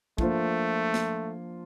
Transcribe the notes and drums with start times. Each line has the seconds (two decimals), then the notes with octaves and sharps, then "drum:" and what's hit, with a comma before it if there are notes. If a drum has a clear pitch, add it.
0.18 F3 A3 A#3 D4 F4 C5, drum: kick
0.94 drum: snare